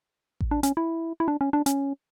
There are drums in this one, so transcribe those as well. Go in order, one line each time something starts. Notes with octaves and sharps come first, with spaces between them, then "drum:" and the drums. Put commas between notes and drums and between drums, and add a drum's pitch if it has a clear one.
drum: kick A1
D4
C#4, drum: hi-hat
E4
E4
D4
C#4
D4
C#4, drum: hi-hat